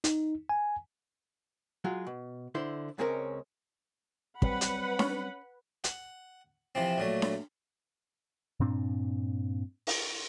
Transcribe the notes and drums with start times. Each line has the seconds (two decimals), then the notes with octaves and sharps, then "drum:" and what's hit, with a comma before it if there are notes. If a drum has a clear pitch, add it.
0.04 D#4, drum: hi-hat
0.49 G#5
1.84 F#3 G#3 F4
2.07 B2
2.55 D3 E4 C5
2.98 C#2 G#3 C4 C#4 A4 A#4
4.42 F#3 G3 C4 B4 F#5 B5, drum: kick
4.61 drum: hi-hat
4.99 C#4 C#5, drum: snare D4
5.84 F#5, drum: hi-hat
6.75 C3 E3 F3 C4
6.98 A#2 F#3 A3
7.22 drum: snare D4
8.60 G2 A#2 C4 D4
9.87 drum: open hi-hat